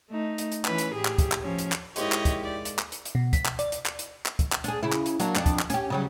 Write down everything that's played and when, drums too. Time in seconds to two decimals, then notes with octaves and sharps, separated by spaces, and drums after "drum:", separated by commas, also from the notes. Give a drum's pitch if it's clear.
0.10 A3 D#4
0.38 drum: hi-hat
0.52 drum: hi-hat
0.65 E3 C#4 B4, drum: clap
0.78 drum: hi-hat
0.95 A2 G4 G#4
1.05 drum: clap
1.18 drum: kick, hi-hat
1.32 drum: clap
1.41 F3 C#4
1.59 drum: hi-hat
1.72 drum: clap
1.96 G#2 G#3 A#3 E4 G4 C#5 D#5, drum: hi-hat
2.12 drum: clap
2.25 drum: kick, hi-hat
2.44 D5
2.65 drum: hi-hat
2.79 drum: clap
2.92 drum: hi-hat
3.05 drum: hi-hat
3.15 B2
3.33 B6, drum: kick, hi-hat
3.46 drum: clap
3.59 D5, drum: hi-hat
3.72 drum: hi-hat
3.86 drum: clap
3.99 drum: hi-hat
4.26 drum: clap
4.39 drum: kick, hi-hat
4.52 drum: clap
4.64 D4 G#4, drum: hi-hat
4.83 C#3 E4
4.92 drum: clap
5.06 drum: hi-hat
5.20 F#3 A#3 D4, drum: hi-hat
5.35 F2 D4, drum: clap
5.46 drum: kick, hi-hat
5.59 drum: clap
5.70 C#4 G4, drum: hi-hat
5.90 C#3 F#3 G3